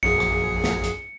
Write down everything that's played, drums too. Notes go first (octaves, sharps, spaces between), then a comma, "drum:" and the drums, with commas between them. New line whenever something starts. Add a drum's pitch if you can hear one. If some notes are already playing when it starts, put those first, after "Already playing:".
A#1 F#2 G#4 C#7
drum: rim click
drum: snare
drum: hi-hat